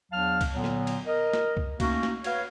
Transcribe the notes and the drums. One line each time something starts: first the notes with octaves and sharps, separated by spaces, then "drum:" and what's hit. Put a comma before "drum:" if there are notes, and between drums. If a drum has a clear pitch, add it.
E2 F#3 D4 F5 A5 F6
drum: kick C2, cymbal
A#2 D3 F#3 B3
drum: snare
drum: cymbal
A#4 D#5
drum: snare
drum: kick C2
A3 A#3 C#4 D#4 F#4, drum: kick C2, cymbal
drum: snare
F#4 B4 C#5 F5, drum: cymbal